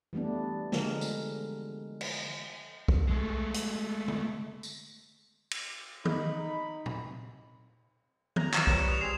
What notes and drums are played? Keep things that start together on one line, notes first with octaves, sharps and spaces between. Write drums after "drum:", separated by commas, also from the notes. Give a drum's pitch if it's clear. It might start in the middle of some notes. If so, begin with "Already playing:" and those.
E3 G3 A3 B3 D4
D3 F3 G#3 A#4, drum: snare
drum: tambourine
drum: cymbal
drum: kick B1
G#3 A3
drum: hi-hat
drum: tom
drum: tambourine
drum: cymbal
D#4 B5, drum: tom D#3
drum: tom A#2
A#5, drum: tom D#3
E7, drum: clap
G3 A#4 B4 C#5, drum: kick B1
D#6 F7
C4 G#4 C7 E7